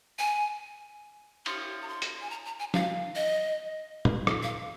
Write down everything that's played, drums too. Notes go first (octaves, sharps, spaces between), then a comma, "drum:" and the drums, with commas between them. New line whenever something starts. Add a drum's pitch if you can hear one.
G#5
C6, drum: cymbal
A#5
C6
drum: hi-hat
G#5
A#5
A#5
G#5
F5, drum: snare
D#5
drum: tom
drum: rim click
F5